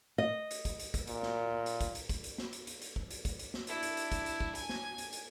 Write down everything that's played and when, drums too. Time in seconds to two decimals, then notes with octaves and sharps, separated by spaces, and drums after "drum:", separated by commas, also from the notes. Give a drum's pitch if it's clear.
0.18 D#5
0.51 drum: hi-hat
0.65 drum: kick, hi-hat
0.80 drum: hi-hat
0.94 drum: kick, hi-hat
1.07 A#2, drum: hi-hat
1.23 drum: snare
1.66 drum: hi-hat
1.81 drum: kick, hi-hat
1.95 drum: hi-hat
2.09 drum: kick, hi-hat
2.24 drum: hi-hat
2.38 drum: snare
2.53 drum: hi-hat
2.67 drum: hi-hat
2.82 drum: hi-hat
2.96 drum: kick
3.11 drum: hi-hat
3.25 drum: kick, hi-hat
3.39 drum: hi-hat
3.54 drum: snare
3.67 D4 E4, drum: hi-hat
3.83 drum: hi-hat
3.97 drum: hi-hat
4.12 drum: kick, hi-hat
4.26 drum: hi-hat
4.40 drum: kick
4.55 G#5, drum: hi-hat
4.69 drum: snare
4.98 drum: hi-hat
5.13 drum: hi-hat